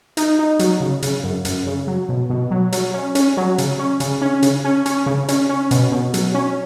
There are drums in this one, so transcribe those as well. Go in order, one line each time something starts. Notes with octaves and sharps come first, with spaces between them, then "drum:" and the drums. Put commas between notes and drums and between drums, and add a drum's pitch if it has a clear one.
D#4, drum: hi-hat
D#4
F#3, drum: hi-hat
C#3
C#3, drum: hi-hat
F#2
F#2, drum: hi-hat
C#3
F#3
B2
B2
F#3
F#3, drum: hi-hat
C#4
C#4, drum: hi-hat
F#3
C#3, drum: hi-hat
C#4
C#3, drum: hi-hat
C#4
C#3, drum: hi-hat
C#4
C#4, drum: hi-hat
C#3
C#4, drum: hi-hat
C#4
B2, drum: hi-hat
B2
F#3, drum: hi-hat
C#4